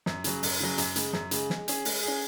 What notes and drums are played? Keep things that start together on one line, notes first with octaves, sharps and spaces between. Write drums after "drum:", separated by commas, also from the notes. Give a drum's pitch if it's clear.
F#2, drum: snare
C#3 F#3, drum: hi-hat
F#2, drum: open hi-hat
C#3 F#3
F#2, drum: hi-hat
C#3 G#3, drum: hi-hat
F#2, drum: snare
C#3 G#3, drum: hi-hat
G#3, drum: snare
C#4 G#4, drum: hi-hat
G#3, drum: open hi-hat
G#4
C#4